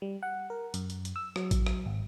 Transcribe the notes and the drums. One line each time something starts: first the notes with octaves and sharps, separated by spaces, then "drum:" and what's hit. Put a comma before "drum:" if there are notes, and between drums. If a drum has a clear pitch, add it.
G3
F#5
A#4
F#2, drum: hi-hat
drum: hi-hat
drum: hi-hat
E6
F#3, drum: rim click
drum: kick A1, hi-hat
drum: rim click
G#1